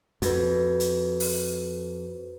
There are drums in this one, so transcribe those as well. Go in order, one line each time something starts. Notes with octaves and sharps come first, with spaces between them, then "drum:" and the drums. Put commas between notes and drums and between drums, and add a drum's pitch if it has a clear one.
F2 F#4 B4, drum: hi-hat
drum: hi-hat
drum: open hi-hat